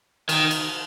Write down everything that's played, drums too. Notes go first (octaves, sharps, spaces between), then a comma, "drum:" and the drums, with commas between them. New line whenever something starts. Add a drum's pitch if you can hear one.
D#3, drum: cymbal
drum: cymbal